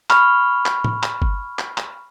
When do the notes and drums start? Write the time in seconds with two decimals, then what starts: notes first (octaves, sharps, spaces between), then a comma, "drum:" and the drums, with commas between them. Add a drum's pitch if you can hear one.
0.10 B5 C#6 F6, drum: clap
0.66 drum: clap
0.84 drum: tom
1.03 drum: clap
1.22 drum: kick G1
1.59 drum: clap
1.78 drum: clap